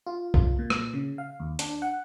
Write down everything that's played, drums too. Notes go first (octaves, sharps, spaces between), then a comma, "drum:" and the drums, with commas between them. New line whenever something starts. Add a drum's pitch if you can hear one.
F4
F4, drum: kick B1
A#2
drum: rim click
C#3
F5
D#2
D4, drum: hi-hat
F#5